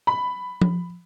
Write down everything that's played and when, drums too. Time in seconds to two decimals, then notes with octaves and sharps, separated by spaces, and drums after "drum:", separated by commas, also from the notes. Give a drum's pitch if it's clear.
0.07 B5
0.62 drum: tom F3